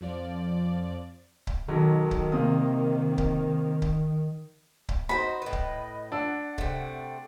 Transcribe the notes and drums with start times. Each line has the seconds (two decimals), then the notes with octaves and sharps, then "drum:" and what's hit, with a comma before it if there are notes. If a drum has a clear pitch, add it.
0.01 F2 F3 D5
1.47 drum: kick C#1
1.68 B1 D#3 F#3
2.11 drum: kick C#1
2.32 C3 A#3 D#6
3.18 drum: kick C#1
3.82 drum: kick C#1
4.89 drum: kick C#1
5.09 D#4 F#4 B4 C5 D#5 B5
5.42 A2 B4 D#5
5.53 drum: kick C#1
6.12 D4 F#5 E6
6.58 C3 A3, drum: kick C#1